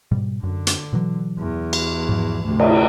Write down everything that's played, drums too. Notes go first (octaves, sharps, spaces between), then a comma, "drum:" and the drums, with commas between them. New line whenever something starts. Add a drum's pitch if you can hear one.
G#2 B2 G3
F#2 D3
drum: hi-hat
B2 E3 F#3
E2
drum: cymbal
G#2 F3
D2 C3
drum: cymbal